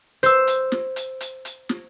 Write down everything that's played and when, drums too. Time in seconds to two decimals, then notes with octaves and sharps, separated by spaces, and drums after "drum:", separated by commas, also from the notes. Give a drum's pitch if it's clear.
0.23 C5 E6, drum: hi-hat
0.47 drum: hi-hat
0.72 drum: snare
0.96 drum: hi-hat
1.20 drum: hi-hat
1.45 drum: hi-hat
1.69 drum: snare